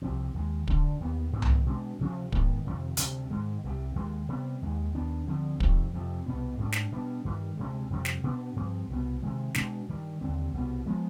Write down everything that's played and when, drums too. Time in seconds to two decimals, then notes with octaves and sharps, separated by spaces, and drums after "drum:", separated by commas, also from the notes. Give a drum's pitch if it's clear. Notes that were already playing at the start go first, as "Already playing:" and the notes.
0.02 C2 C3 F3 C4
0.34 D#2 D#3 G#3
0.68 D2 D3 G#3 D4, drum: kick
1.00 D#2 D#3 B3
1.33 G#2 D#3 B3
1.42 drum: tom C2
1.66 B2 G#3 D4
1.99 D2 C3 F3
2.32 G#2 D#3 B3, drum: kick
2.65 F2 C3 D#3
2.97 D2 C3 G3, drum: hi-hat
3.30 G#2 D#3 G#3
3.64 C2 C3 G3
3.96 D#2 D#3 G#3
4.29 C3 G3 B3
4.62 D#2 D#3 G#3
4.95 D#2 D#3 B3 D4
5.27 D2 D3 F3 C4
5.60 F2 C3 D#3, drum: kick
5.93 F2 C3 F3
6.26 C2 B2 B3
6.60 G#2 G3 D4
6.72 drum: snare
6.92 B2 G3 B3 D4
7.25 G2 D#3 G3
7.57 D2 C3 D#3 G#3
7.90 F2 C3 G3
8.05 drum: snare
8.24 B2 B3 D4
8.56 G2 F3 C4
8.90 C2 B2 B3
9.22 C3 D#3 G#3
9.55 B2 G#3 D4, drum: snare
9.88 G2 D#3 G3
10.21 D#2 D3 G3 C4
10.53 C2 B2 G3 B3
10.86 F3 G#3 B3